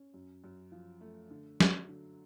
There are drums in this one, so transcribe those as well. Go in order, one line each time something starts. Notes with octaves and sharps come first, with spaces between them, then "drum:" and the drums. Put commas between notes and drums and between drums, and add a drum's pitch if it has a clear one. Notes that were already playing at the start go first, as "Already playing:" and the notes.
Already playing: C#4
F#2
F#2
F3
A3
D3
F#3, drum: snare
D3